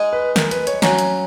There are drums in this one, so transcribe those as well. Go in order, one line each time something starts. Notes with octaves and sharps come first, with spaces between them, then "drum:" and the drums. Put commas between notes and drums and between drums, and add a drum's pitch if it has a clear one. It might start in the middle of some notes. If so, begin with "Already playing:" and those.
Already playing: G#3 D#4 G#4
B4
A#4, drum: snare
B4, drum: hi-hat
C#5, drum: hi-hat
F#3 C#4 F#4 A#5, drum: snare
drum: hi-hat